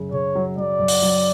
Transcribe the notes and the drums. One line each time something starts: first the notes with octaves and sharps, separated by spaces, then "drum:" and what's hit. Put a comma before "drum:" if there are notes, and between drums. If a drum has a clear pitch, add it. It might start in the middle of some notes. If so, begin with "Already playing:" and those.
Already playing: F#2 C#3
C#3 C#5
F#3
F#3 D5
F#2
drum: open hi-hat
F#3